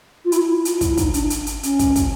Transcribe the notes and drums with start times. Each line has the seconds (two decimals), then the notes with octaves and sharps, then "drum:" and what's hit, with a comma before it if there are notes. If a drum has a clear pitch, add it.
0.25 F4
0.32 E4, drum: hi-hat
0.49 E4
0.65 F4, drum: hi-hat
0.81 E4, drum: kick, hi-hat
0.97 D#4, drum: kick, hi-hat
1.14 D4, drum: hi-hat
1.30 drum: hi-hat
1.47 drum: hi-hat
1.63 C#4, drum: hi-hat
1.79 drum: kick, hi-hat
1.96 drum: kick, hi-hat